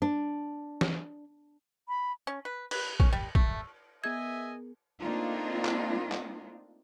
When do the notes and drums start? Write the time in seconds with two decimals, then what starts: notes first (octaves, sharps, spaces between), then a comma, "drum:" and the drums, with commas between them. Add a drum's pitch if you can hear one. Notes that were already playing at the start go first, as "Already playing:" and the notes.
0.02 D4
0.81 drum: snare E3
1.88 B5
2.27 C#4
2.45 B4
2.71 B4, drum: cymbal
3.00 C#4, drum: kick
3.13 G3
3.35 A3, drum: kick
4.04 B3 G#4 A#4 D#5 E5 G#5 G#6
5.00 A3 A#3 C4 D4 D#4 F4
5.65 drum: clap
6.12 drum: clap